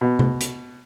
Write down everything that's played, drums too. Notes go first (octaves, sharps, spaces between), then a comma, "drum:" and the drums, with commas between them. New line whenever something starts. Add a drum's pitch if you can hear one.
B2
drum: tom C3
drum: hi-hat